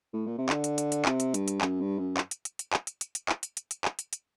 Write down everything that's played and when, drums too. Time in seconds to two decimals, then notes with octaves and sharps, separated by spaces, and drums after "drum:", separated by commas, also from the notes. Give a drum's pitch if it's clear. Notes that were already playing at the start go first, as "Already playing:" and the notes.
0.13 A2
0.26 A#2
0.38 C3
0.49 D3, drum: clap
0.64 drum: hi-hat
0.78 drum: hi-hat
0.92 drum: hi-hat
1.05 C3, drum: clap
1.20 drum: hi-hat
1.34 G2, drum: hi-hat
1.48 drum: hi-hat
1.61 F#2, drum: clap
1.81 G2
1.99 F#2
2.17 drum: clap
2.31 drum: hi-hat
2.45 drum: hi-hat
2.59 drum: hi-hat
2.73 drum: clap
2.87 drum: hi-hat
3.01 drum: hi-hat
3.15 drum: hi-hat
3.29 drum: clap
3.43 drum: hi-hat
3.57 drum: hi-hat
3.71 drum: hi-hat
3.85 drum: clap
3.99 drum: hi-hat
4.13 drum: hi-hat